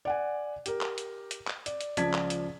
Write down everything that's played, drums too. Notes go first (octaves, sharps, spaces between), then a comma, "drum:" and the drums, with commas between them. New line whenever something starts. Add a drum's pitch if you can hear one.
D5 F#5 G#5
G4 A#4, drum: hi-hat
drum: clap
drum: hi-hat
drum: hi-hat
drum: clap
D5, drum: hi-hat
drum: hi-hat
C#2 F3 D5 A5 G#6 B6, drum: hi-hat
drum: clap
drum: hi-hat